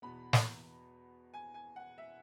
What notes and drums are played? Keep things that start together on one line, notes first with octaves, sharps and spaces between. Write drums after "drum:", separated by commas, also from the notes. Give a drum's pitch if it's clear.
E2 B2 B3 B5
drum: snare
G#5
G#5
F#5
E5